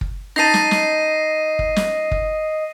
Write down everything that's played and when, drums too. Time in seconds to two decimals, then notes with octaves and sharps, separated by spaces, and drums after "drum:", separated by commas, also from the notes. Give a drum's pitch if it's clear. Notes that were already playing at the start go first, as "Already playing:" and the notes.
0.01 drum: kick
0.36 D#4 D#5 A5 A#6 C7 D#7
0.54 drum: snare
0.71 drum: snare
1.59 drum: kick
1.76 drum: snare
2.11 drum: kick